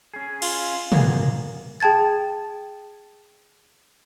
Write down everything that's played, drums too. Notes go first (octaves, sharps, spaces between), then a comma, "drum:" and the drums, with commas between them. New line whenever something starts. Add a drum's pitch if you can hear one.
C#4 G#4
F4, drum: cymbal
A#3 B3 G#4, drum: tom
F#2
G#4 G5 A5 G#6 A6